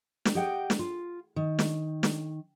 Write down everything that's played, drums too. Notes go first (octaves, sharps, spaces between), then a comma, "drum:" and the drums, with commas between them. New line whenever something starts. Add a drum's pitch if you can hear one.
drum: snare
G4 G#4 D#5 F#5 G5
drum: snare
F4
D#3
drum: snare
drum: snare